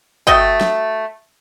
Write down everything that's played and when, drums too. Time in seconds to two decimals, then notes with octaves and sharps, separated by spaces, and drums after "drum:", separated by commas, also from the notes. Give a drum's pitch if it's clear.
0.27 A3 F#4 D#5 G5, drum: kick
0.61 drum: snare